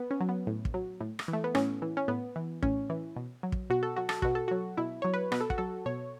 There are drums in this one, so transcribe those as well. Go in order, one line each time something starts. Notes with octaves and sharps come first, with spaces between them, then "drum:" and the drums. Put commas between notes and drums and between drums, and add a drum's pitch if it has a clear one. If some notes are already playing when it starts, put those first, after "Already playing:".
Already playing: B3
C#4
F#3
B3
A2
drum: kick
F#3
A2
drum: rim click
E3
A3
B3
A2 C#4, drum: rim click
E3
C#4
A2 B3
E3
A2 C#4, drum: kick
E3
B2
F#3
drum: kick
B2 F#4
A4
F#3 F#4
A4, drum: rim click
B2 F#4, drum: kick
A4
F#3 F#4
B2 E4
F#3 C#5
B4
B2 B4, drum: rim click
A4
F#4, drum: kick
F#3 A4
B2 C#5